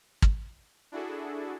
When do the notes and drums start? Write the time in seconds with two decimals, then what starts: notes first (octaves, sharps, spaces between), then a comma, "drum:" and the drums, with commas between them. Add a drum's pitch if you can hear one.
0.22 drum: kick
0.92 D4 E4 F#4 G#4 A4